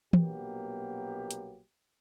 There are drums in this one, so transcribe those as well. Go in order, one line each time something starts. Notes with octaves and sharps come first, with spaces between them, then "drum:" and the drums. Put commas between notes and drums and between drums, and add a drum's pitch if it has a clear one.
A#1 B2 F#3 A#3 B3 G4, drum: tom E3
drum: hi-hat